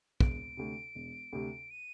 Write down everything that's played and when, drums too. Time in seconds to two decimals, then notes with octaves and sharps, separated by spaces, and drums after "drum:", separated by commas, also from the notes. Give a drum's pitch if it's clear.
0.20 E1 D7, drum: kick
0.57 D2 C3
0.95 E1
1.33 D2 C3
1.71 D#7